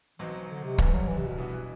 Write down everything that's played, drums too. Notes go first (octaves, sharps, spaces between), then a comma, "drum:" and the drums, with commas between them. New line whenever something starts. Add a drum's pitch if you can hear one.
B1 B2 E3 F#3 C4
E3
D3
C3
G1 G2 D3 E3 G3, drum: kick
F#3
E3
C3
B2
G2 E3 B3 F#4